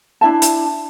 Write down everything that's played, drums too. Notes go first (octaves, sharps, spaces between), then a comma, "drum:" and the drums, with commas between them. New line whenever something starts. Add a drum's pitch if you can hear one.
D4 E4 E5 A5
drum: hi-hat